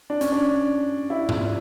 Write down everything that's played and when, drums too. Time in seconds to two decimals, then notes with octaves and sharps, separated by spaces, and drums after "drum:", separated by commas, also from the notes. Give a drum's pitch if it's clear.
0.10 D4
0.21 C#4, drum: hi-hat
0.32 D4
1.10 E4
1.29 F4, drum: tom G#2